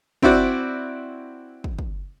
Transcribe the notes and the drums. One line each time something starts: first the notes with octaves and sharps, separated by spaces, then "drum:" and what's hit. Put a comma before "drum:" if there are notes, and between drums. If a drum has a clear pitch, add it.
C4 E4 F#4 D5, drum: kick
drum: kick
drum: kick